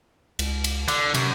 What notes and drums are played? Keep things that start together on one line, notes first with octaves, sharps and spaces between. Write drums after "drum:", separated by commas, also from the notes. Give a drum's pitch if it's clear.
C#2, drum: cymbal
drum: cymbal
D3, drum: cymbal
F#2 C3, drum: cymbal